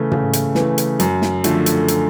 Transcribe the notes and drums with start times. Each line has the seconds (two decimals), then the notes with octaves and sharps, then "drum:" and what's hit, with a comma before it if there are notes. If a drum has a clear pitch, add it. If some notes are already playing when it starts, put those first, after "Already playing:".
Already playing: C#3 E3 A3
0.12 C#3, drum: tom
0.33 drum: hi-hat
0.55 E3, drum: snare
0.60 A3
0.78 drum: hi-hat
1.00 F#2, drum: hi-hat
1.22 drum: snare
1.44 D3 F3 A3, drum: hi-hat
1.66 drum: hi-hat
1.88 drum: hi-hat